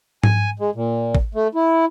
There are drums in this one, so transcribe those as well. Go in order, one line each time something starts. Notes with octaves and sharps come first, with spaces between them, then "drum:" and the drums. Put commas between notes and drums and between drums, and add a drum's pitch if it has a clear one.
G#5, drum: tom G#2
G#3
A#2
drum: kick
A3
E4